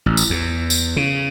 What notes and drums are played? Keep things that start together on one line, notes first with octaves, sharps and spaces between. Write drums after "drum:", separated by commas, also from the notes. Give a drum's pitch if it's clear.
A1
drum: tambourine
E2
drum: tambourine
C#3